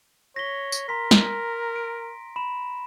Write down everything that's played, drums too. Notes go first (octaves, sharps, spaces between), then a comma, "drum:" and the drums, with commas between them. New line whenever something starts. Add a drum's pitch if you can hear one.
C#5 A#6 B6 G7
drum: tambourine
A#4 A#5 C6 B6
drum: snare
D7
B5 E7